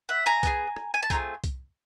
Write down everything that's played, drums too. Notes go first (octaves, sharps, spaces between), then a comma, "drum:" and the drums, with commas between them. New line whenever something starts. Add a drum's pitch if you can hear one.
E5 F#5
G#5 A#5
B3 D#4 G#4, drum: kick C2, hi-hat
drum: rim click
G#5
A5
A3 C4 F4 G#4 G#5 A#5, drum: kick C2, hi-hat
drum: kick C2, hi-hat